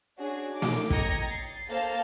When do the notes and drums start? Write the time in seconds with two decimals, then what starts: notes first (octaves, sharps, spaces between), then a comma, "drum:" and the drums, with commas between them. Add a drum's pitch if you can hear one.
0.18 C#4 D4 F#4 G#4
0.52 D#4 D6
0.62 drum: snare A3
0.90 D#5 G5 A#5 G#6 A#6 C#7, drum: kick
1.25 A6 C7
1.69 A#3 A4 C5 F5 A5